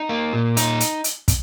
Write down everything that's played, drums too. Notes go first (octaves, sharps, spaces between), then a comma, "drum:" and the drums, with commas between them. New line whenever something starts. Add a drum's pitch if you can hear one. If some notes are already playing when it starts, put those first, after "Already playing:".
Already playing: D#4
A#3
A#2
D#4, drum: hi-hat
drum: hi-hat
drum: hi-hat
drum: kick, hi-hat